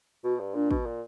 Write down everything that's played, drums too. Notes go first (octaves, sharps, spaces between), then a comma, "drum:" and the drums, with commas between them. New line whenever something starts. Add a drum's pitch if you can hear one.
B2 F#4
G2
A#2 D4
B2, drum: kick
A#2